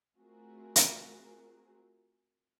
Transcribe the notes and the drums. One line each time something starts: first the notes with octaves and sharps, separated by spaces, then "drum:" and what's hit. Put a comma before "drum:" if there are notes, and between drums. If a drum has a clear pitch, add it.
A3 C4 F4 F#4 G#4 A#4
drum: hi-hat